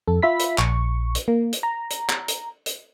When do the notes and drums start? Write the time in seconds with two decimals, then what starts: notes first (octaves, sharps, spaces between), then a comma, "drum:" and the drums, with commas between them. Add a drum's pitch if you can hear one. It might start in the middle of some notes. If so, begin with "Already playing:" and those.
0.07 F2 A4
0.22 F4 E5 B5 B6
0.39 drum: hi-hat
0.58 A#1 C#6, drum: clap
1.15 drum: hi-hat
1.28 A#3
1.53 drum: hi-hat
1.63 A#5
1.90 drum: hi-hat
2.09 drum: clap
2.28 drum: hi-hat
2.66 drum: hi-hat